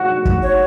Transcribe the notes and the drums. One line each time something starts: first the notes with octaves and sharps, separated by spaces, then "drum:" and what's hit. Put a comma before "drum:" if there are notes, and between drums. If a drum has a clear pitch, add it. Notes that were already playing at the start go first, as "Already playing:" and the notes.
Already playing: F#4
drum: kick
C#5